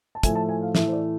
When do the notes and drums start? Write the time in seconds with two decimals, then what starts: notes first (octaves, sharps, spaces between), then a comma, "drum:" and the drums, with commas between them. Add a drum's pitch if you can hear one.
0.15 A5
0.23 A2 F3 A3 G#5, drum: kick, hi-hat
0.35 A5
0.49 G#5
0.62 F5
0.75 A2 E3 A3 E5, drum: snare
0.87 C5
0.93 D5